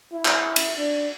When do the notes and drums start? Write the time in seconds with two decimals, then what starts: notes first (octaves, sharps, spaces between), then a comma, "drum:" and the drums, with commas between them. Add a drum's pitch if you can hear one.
0.13 E4
0.25 drum: clap
0.56 drum: cymbal
0.77 D4